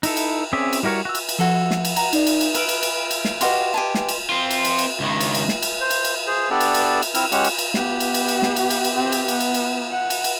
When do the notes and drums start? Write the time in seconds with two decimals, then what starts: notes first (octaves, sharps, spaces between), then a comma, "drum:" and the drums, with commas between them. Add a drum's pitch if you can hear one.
0.03 D#4 E4 A4, drum: cymbal
0.17 drum: cymbal
0.53 C4 C#4 G#4 D5 E5
0.73 drum: cymbal
0.83 G3 E4 F#4 A#4 C#5
1.05 F#4 E6
1.15 drum: cymbal
1.29 drum: cymbal
1.39 F3 F#4 A4 E5
1.71 drum: snare
1.85 drum: cymbal
1.96 F#5 G5 A#5, drum: cymbal
2.13 D#4 D5, drum: cymbal
2.27 drum: cymbal
2.41 drum: cymbal
2.55 B4 E6 F6 D7, drum: cymbal
2.69 drum: cymbal
2.83 drum: cymbal
3.11 drum: cymbal
3.25 drum: snare
3.41 F#4 G4 B4 D#5 F5 C6, drum: cymbal
3.74 G4 G#5 A5
3.95 drum: snare
4.09 drum: cymbal
4.29 C4 F4
4.50 drum: cymbal
4.64 drum: cymbal
4.78 drum: cymbal
5.00 C#2 D#3
5.20 drum: cymbal
5.34 drum: cymbal
5.48 drum: snare
5.62 drum: cymbal
5.81 C5
5.90 drum: cymbal
6.04 drum: cymbal
6.27 G#4 C5
6.50 B3 D4 G4 A4 D5
6.60 drum: cymbal
6.74 drum: cymbal
7.02 drum: cymbal
7.15 C4 E4 F6, drum: cymbal
7.32 G#3 C#4 G4 F#5, drum: cymbal
7.44 drum: cymbal
7.58 drum: cymbal
7.74 B3 G4, drum: snare
8.00 drum: cymbal
8.14 drum: cymbal
8.28 drum: cymbal
8.42 drum: snare
8.56 drum: cymbal
8.70 drum: cymbal
8.84 drum: cymbal
8.95 C4 G4
9.12 drum: cymbal
9.28 B3, drum: cymbal
9.40 drum: cymbal
9.54 drum: cymbal
9.91 F#5
10.10 drum: cymbal
10.24 drum: cymbal